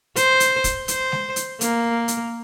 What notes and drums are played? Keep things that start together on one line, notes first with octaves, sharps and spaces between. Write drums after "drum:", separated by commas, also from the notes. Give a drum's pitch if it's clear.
C5, drum: hi-hat
drum: hi-hat
drum: kick, hi-hat
C5, drum: hi-hat
drum: snare G#3
drum: hi-hat
A#3, drum: hi-hat
drum: hi-hat